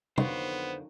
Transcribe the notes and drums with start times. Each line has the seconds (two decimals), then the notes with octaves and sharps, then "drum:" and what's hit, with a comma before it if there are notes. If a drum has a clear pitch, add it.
0.18 F2 D3 D#3 F#3 B3 F#4 C5, drum: tom